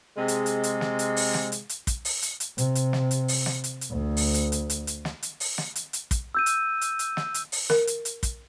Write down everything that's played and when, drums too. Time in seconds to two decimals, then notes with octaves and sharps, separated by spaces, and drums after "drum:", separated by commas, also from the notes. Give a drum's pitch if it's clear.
0.16 C3 G#3
0.28 drum: hi-hat
0.46 drum: hi-hat
0.64 drum: hi-hat
0.81 drum: snare
0.99 drum: hi-hat
1.16 drum: open hi-hat
1.34 drum: snare
1.52 drum: hi-hat
1.69 drum: hi-hat
1.87 drum: kick, hi-hat
2.05 drum: open hi-hat
2.22 drum: hi-hat
2.40 drum: hi-hat
2.58 C3, drum: hi-hat
2.75 drum: hi-hat
2.93 drum: snare
3.11 drum: hi-hat
3.28 drum: open hi-hat
3.46 drum: snare
3.64 drum: hi-hat
3.81 drum: hi-hat
3.91 D2
4.17 drum: open hi-hat
4.34 drum: hi-hat
4.52 drum: hi-hat
4.70 drum: hi-hat
4.87 drum: hi-hat
5.05 drum: snare
5.23 drum: hi-hat
5.40 drum: open hi-hat
5.58 drum: snare
5.76 drum: hi-hat
5.93 drum: hi-hat
6.11 drum: kick, hi-hat
6.35 E6 G6 D#7
6.46 drum: hi-hat
6.81 drum: hi-hat
6.99 drum: hi-hat
7.17 drum: snare
7.34 drum: hi-hat
7.52 drum: open hi-hat
7.70 A#4, drum: snare
7.87 drum: hi-hat
8.05 drum: hi-hat
8.23 drum: kick, hi-hat